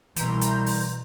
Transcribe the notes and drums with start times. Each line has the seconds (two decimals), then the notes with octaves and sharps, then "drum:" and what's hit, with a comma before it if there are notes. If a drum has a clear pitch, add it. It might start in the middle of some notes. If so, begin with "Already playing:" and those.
0.16 C2 B2 E3 A#5 C6 G6, drum: hi-hat
0.41 drum: hi-hat
0.66 drum: open hi-hat